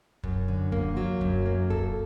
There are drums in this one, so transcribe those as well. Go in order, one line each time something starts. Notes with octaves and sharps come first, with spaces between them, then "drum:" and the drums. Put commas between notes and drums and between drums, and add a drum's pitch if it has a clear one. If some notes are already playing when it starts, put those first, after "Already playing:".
F#2, drum: kick
D3
A#3, drum: kick
F#3
F#2, drum: kick
A#3
A4, drum: kick